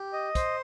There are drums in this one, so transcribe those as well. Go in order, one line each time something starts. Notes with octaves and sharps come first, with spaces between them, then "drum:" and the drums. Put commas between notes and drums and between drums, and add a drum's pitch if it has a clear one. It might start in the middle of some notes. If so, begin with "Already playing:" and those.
Already playing: G4
D#5
C5, drum: kick, hi-hat